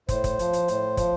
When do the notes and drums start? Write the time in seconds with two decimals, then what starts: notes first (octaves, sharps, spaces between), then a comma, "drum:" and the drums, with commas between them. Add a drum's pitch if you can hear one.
0.09 A2 C5, drum: kick, hi-hat
0.24 drum: kick, hi-hat
0.39 F3, drum: hi-hat
0.53 drum: hi-hat
0.68 A2, drum: hi-hat
0.97 F3, drum: kick, hi-hat